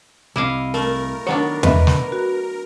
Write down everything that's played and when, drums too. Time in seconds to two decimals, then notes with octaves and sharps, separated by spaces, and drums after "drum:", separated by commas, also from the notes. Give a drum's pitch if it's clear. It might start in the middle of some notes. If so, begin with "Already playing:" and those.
0.36 C2 E4 D#5 F5 D6
0.74 A3 A#4
1.27 D#3 F#3 B3 D4 C#5
1.63 B4 D#5 E5, drum: tom E2
1.87 drum: snare
2.12 F#4